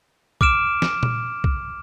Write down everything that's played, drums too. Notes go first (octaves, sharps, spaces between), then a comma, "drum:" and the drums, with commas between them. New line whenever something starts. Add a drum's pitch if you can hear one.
D6 F6 D7 E7, drum: kick B1
drum: snare
drum: tom A#2
drum: kick B1